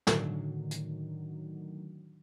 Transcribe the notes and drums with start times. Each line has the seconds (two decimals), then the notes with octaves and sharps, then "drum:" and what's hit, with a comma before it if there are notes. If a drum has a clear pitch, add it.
0.07 A2 D3 D#3 F#3, drum: snare
0.71 drum: hi-hat